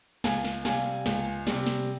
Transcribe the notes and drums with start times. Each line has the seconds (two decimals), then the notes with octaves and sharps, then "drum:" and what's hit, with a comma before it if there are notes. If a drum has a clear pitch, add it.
0.24 C#2 F5 G#5, drum: snare
0.45 drum: snare
0.65 C3 G3 F5 G#5, drum: snare
1.06 C#2, drum: snare
1.47 C3 G3, drum: snare
1.66 drum: snare